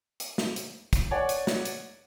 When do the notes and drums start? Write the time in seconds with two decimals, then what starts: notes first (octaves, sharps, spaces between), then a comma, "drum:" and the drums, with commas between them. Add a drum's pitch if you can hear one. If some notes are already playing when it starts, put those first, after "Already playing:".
0.20 drum: hi-hat
0.38 drum: snare
0.56 drum: hi-hat
0.93 drum: kick, hi-hat
1.11 C#5 D5 F#5
1.29 drum: hi-hat
1.47 drum: snare
1.65 drum: hi-hat